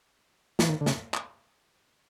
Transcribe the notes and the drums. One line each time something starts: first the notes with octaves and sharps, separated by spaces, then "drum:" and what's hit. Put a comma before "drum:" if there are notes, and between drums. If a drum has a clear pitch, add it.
E3, drum: snare
D#3
D3
C#3, drum: snare
drum: clap